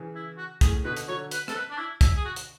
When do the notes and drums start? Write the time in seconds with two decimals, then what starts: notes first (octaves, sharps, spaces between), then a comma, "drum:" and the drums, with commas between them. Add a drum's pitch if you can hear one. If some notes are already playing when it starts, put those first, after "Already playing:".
Already playing: C#3 E3
0.15 E4
0.38 F#4
0.61 A2 C#3 G#4, drum: kick, hi-hat
0.85 B2 D3 B4
0.97 drum: hi-hat
1.08 D3 F#3 C#5
1.31 B4, drum: hi-hat
1.48 A4, drum: rim click
1.55 B4
1.70 D4
1.78 E4
2.01 E4, drum: kick, hi-hat
2.16 G#4
2.25 F#4
2.36 drum: hi-hat